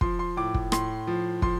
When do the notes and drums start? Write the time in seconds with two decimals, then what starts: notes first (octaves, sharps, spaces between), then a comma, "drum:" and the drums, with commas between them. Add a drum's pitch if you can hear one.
0.01 F3 C6, drum: kick
0.19 C6
0.37 A2 D6
0.54 drum: kick
0.72 A2 C6, drum: rim click
1.07 F3
1.42 F3 C6, drum: kick